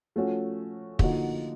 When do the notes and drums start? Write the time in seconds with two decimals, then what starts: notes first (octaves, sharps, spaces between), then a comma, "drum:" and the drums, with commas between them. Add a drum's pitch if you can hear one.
0.16 F3 A3 C#4 F#4
0.99 D3 F3 A#3 D#4 F#4, drum: kick